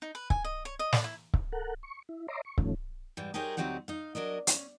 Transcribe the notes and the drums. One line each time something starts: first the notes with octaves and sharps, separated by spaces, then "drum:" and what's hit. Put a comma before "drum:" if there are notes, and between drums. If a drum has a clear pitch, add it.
D#4
B4
G#5, drum: kick C#1
D#5
C#5
D#5
D5, drum: snare
E4
drum: kick C#1
A4 A#4 F#5
C#6
E4
C#5 D#5 E5 A#5 C6 D6
C#6
G2 D#3 F3 A3 C#4, drum: kick C#1
G#2 E3 G3
D#4 G4 G#4 A#4 C5 C#5
D2 F#3 C4 D#4 G4 F#5
D#4 F5
F#3 D4 A#4 D#5
C#4, drum: hi-hat